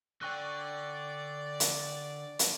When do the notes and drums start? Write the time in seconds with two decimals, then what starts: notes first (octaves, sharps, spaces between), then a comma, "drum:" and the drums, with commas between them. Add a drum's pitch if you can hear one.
0.21 D3 D5 G5 C#6 F#6
1.60 drum: hi-hat
2.39 drum: hi-hat